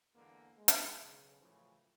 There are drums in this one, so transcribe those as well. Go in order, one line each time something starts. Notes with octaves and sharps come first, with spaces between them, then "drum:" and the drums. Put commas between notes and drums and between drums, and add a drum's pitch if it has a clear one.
E2 D3 G#3 A#3
G#3
drum: hi-hat
B1 C#3
F#2 A2 C#3 E3 F3